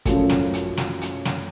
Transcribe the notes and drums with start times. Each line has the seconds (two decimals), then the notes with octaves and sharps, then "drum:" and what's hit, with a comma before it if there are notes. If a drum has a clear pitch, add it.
0.05 F#2 F3 A3, drum: kick, hi-hat
0.29 drum: snare
0.53 drum: hi-hat
0.77 drum: snare
1.01 drum: hi-hat
1.25 drum: snare